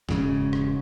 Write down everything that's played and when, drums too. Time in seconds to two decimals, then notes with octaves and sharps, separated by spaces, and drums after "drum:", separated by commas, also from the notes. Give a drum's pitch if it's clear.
0.09 E1 G#2 C#3, drum: snare
0.53 drum: rim click